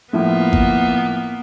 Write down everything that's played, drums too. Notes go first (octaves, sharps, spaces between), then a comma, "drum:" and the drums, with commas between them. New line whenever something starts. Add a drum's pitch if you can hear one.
A2 F3 A#3 B3 E4
drum: kick G#1